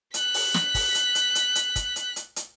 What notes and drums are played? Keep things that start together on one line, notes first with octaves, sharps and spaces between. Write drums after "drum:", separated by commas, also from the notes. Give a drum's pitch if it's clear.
F#6 B6, drum: hi-hat
drum: open hi-hat
drum: snare
drum: kick, open hi-hat
drum: hi-hat
drum: hi-hat
drum: hi-hat
drum: hi-hat
drum: kick, hi-hat
drum: hi-hat
drum: hi-hat
drum: hi-hat